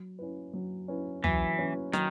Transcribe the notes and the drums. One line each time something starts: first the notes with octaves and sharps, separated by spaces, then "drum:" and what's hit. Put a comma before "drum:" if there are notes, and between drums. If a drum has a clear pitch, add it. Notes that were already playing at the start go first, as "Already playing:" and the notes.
Already playing: F#3
C#4 E4 B4
F#3
C#4 E4 B4
E3 F#3, drum: tom
C#4 E4 B4
D#3 F#3, drum: rim click